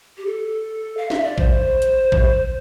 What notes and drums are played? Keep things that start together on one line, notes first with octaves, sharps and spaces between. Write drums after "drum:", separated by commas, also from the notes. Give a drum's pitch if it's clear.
G4
A4
F5
E5, drum: snare
D5
C5, drum: kick A1
drum: hi-hat
drum: kick A1